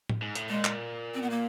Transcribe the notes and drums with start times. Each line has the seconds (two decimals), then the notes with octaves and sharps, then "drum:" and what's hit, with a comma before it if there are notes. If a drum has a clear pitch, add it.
0.10 drum: tom A2
0.22 G#2
0.35 A2, drum: hi-hat
0.49 A#2 G#3
0.65 drum: clap
1.14 C4
1.22 B3
1.30 A#3